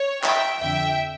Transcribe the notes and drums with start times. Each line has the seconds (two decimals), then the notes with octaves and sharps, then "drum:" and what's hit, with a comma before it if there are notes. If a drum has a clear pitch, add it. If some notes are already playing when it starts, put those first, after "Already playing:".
Already playing: C#5
0.24 E5 G5, drum: clap
0.59 F2 D3 E5 G5